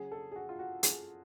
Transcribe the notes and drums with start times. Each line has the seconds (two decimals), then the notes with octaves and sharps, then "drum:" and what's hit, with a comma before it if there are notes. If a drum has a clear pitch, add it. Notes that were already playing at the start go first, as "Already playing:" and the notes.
Already playing: C#3 F#3 G#4
0.12 A4
0.32 G#4
0.36 F#4
0.49 F4
0.59 F#4
0.83 G#4, drum: hi-hat